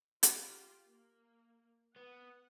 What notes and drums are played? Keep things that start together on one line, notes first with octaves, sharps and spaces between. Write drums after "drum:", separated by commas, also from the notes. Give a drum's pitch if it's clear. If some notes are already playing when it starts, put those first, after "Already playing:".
F4 G4, drum: hi-hat
A#3
B3 F#5